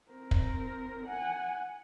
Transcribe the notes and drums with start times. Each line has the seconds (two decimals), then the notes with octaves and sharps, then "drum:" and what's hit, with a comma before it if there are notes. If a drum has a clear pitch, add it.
0.10 C4 A#4
0.31 drum: kick
1.06 F#5 G#5